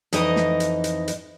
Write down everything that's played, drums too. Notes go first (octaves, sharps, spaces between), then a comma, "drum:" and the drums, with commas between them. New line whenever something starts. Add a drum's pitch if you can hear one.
F2 E3 D#4 D#5, drum: hi-hat
drum: snare
drum: hi-hat
drum: hi-hat
drum: hi-hat